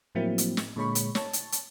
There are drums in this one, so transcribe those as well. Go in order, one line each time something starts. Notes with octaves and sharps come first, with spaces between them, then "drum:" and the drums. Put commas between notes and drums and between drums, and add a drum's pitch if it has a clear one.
A2 F3 F#3 A#3 C4 E4
drum: hi-hat
drum: snare
A#2 D3 G#3 C#5 B5 C#6
drum: hi-hat
C#5 A5, drum: snare
drum: hi-hat
drum: hi-hat